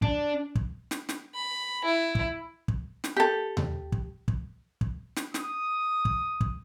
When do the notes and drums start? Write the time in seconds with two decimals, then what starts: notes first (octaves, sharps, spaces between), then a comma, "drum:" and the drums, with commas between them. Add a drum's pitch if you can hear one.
0.02 D4, drum: kick
0.55 drum: kick
0.91 drum: snare
1.09 drum: snare
1.34 B5
1.85 E4
2.15 drum: kick
2.68 drum: kick
3.04 drum: snare
3.16 G4 A4
3.57 drum: tom D#2
3.92 drum: kick
4.28 drum: kick
4.81 drum: kick
5.16 drum: snare
5.34 D#6, drum: snare
6.05 drum: kick
6.41 drum: kick